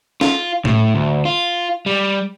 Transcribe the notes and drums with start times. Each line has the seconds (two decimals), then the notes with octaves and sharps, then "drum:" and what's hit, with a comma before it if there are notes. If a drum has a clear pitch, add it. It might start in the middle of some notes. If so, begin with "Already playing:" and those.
0.21 F4, drum: snare
0.65 A2, drum: tom A2
0.95 D2
1.25 F4
1.86 G3